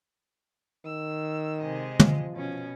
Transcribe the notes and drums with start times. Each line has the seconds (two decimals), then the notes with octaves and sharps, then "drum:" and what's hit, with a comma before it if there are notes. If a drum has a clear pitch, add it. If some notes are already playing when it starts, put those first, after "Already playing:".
0.86 D#3 E6
1.62 C3 G#3 D#5
2.00 F3, drum: tom
2.35 B2 C#4